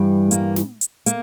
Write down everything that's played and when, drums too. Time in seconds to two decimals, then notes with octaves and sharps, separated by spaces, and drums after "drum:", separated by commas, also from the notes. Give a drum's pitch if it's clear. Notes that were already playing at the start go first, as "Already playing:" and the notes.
Already playing: G2 E3 G3
0.31 A#3, drum: hi-hat
0.56 drum: snare
0.81 drum: hi-hat
1.06 A#3, drum: hi-hat